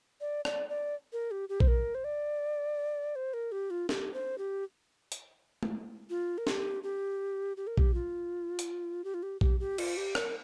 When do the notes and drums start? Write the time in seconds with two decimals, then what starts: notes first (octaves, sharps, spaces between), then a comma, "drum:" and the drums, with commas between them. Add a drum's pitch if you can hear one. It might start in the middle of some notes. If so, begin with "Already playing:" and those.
0.21 D5
0.45 D5, drum: rim click
0.69 D5
1.13 A#4
1.31 G4
1.49 G4
1.60 C5, drum: kick A#1
1.68 A#4
1.95 C5
2.04 D5
3.16 C5
3.34 A#4
3.52 G4
3.70 F4
3.89 G4, drum: snare
4.14 C5
4.38 G4
5.12 drum: hi-hat
5.63 drum: tom G#3
6.10 F4
6.38 A#4
6.47 G4, drum: snare
6.83 G4
7.57 G4
7.67 A#4
7.78 G4, drum: kick A#1
7.94 F4
8.59 drum: hi-hat
9.04 G4
9.14 F4
9.23 G4
9.41 G4, drum: kick A#1
9.60 G4
9.78 F4, drum: cymbal
9.97 G4
10.15 A#4, drum: rim click